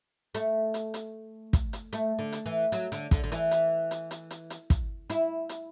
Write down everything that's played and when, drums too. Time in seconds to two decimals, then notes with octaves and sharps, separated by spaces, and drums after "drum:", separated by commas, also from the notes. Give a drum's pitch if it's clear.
0.35 A3, drum: hi-hat
0.74 drum: hi-hat
0.94 drum: hi-hat
1.53 drum: kick, hi-hat
1.73 drum: hi-hat
1.93 A3, drum: hi-hat
2.19 D3
2.32 drum: hi-hat
2.46 E3
2.72 F#3, drum: hi-hat
2.92 D3, drum: hi-hat
3.11 D3, drum: kick, hi-hat
3.24 D3
3.32 E3, drum: hi-hat
3.51 drum: hi-hat
3.91 drum: hi-hat
4.11 drum: hi-hat
4.30 drum: hi-hat
4.50 drum: hi-hat
4.70 drum: kick, hi-hat
5.10 E4, drum: hi-hat
5.49 drum: hi-hat